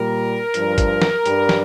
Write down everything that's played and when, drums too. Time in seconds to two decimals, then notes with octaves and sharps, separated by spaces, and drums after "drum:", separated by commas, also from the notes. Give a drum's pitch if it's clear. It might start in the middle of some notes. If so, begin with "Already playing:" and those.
Already playing: A#2 G3 A#4
0.54 G2 F3, drum: hi-hat
0.78 drum: kick G1, hi-hat
1.02 drum: snare
1.26 G2 G3, drum: hi-hat
1.49 drum: snare